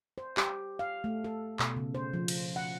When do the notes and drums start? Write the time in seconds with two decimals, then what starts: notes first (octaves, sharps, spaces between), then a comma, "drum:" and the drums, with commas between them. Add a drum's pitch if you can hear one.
0.18 C5
0.37 G4, drum: clap
0.79 F5
1.04 A3
1.24 A4
1.59 B2, drum: clap
1.76 C#3
1.95 C5
2.13 F3
2.28 drum: cymbal
2.56 F#5